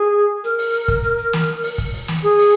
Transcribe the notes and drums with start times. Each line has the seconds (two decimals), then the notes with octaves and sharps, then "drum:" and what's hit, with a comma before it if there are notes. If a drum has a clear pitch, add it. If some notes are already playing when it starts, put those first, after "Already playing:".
Already playing: G#4
0.44 A#4, drum: hi-hat
0.58 drum: open hi-hat
0.73 drum: hi-hat
0.88 drum: kick, hi-hat
1.03 drum: hi-hat
1.18 drum: hi-hat
1.33 drum: snare
1.48 drum: hi-hat
1.63 drum: open hi-hat
1.78 drum: kick, hi-hat
1.93 drum: open hi-hat
2.08 drum: snare
2.23 G#4
2.38 drum: open hi-hat